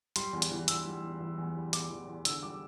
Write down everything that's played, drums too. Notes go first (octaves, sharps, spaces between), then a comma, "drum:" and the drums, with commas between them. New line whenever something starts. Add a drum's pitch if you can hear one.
G3 C6, drum: hi-hat
E2
drum: hi-hat
E3
E2 E6, drum: hi-hat
G3
E2
E3
E2
G3
E2 D6, drum: hi-hat
E3
E2
D3 E6, drum: hi-hat
G3 D6